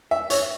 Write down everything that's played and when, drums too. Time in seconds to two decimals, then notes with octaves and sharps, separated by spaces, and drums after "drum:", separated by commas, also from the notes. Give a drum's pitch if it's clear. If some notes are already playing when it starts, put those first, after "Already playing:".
0.11 E5
0.30 C#5, drum: hi-hat